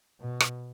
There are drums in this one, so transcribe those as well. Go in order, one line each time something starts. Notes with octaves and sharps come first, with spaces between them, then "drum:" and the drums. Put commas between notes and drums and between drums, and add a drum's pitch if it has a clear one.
B2
drum: rim click